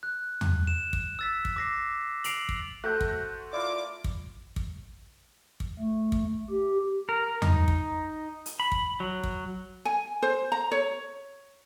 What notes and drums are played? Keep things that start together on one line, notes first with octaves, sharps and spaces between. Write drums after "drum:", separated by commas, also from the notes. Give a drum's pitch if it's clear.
F#6
drum: tom E2
E7
drum: kick
E6 A6 B6
drum: kick
D6 A#6 C7
C7 D7 F7 F#7, drum: hi-hat
drum: kick
A3 F#4 A4 C5 F#6 G6
drum: kick
E4 F4 A#4 D5 D6
drum: kick
drum: kick
drum: kick
A3
drum: kick
G4
A#4
D#4, drum: tom E2
drum: kick
drum: hi-hat
B5
drum: kick
F#3
drum: kick
G#5
C5
A#5
C#5